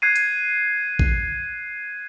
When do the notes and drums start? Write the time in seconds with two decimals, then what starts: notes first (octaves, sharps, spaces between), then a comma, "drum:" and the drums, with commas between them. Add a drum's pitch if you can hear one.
0.02 F#6 G#6 C7 D#7
0.16 drum: hi-hat
0.99 drum: kick A#1